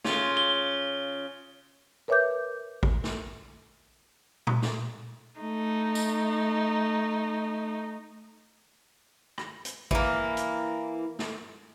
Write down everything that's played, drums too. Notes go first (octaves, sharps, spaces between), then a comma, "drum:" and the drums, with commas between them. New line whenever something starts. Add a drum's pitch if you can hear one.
C#3 F4, drum: snare
G7
A#4 B4 C#5 E5 D6 G6
drum: kick A1
drum: snare
drum: tom A#2
drum: snare
A3 D#4
drum: tambourine
drum: rim click
drum: hi-hat
E3 A#3, drum: kick A1
drum: hi-hat
drum: snare